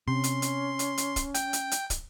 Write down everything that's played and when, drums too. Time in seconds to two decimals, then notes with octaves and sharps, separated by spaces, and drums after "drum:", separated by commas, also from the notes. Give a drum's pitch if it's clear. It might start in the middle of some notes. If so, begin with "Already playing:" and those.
0.08 C3 C#4 C6
0.24 drum: hi-hat
0.42 drum: hi-hat
0.79 drum: hi-hat
0.98 drum: hi-hat
1.16 drum: kick, hi-hat
1.35 G5, drum: hi-hat
1.53 drum: hi-hat
1.71 drum: hi-hat
1.90 drum: kick, hi-hat